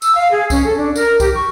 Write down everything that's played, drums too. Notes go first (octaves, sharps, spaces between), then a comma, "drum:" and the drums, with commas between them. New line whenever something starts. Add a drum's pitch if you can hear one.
E6, drum: tambourine
F5
G#4
C#4, drum: kick C2, tambourine
A4
D4
A#4, drum: tambourine
G4, drum: kick C2, tambourine
C#6